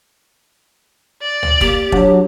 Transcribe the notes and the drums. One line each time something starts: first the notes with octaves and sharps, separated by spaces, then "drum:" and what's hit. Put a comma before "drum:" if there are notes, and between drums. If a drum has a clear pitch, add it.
D5
drum: tom C#2
A#3 G4, drum: kick
F#3 D4, drum: kick